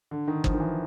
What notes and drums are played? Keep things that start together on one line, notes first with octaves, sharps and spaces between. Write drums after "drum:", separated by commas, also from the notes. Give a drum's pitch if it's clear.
D3
D#3
F3, drum: kick
D#3
E3